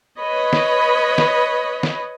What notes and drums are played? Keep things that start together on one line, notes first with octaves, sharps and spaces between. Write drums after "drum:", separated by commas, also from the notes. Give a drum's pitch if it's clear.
B4 C#5 D#5 B5
drum: snare
drum: snare
drum: snare